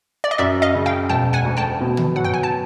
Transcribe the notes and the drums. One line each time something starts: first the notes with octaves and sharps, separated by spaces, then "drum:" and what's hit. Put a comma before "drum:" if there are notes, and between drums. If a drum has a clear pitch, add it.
D5
D#5
F#2 D5 E5
D#5 F5
C#3
F5 G5
E1 G5 A5
F#5 G#5
D2
G5 A5
B2
drum: tom
F#3 F#5
G5
G#5
A5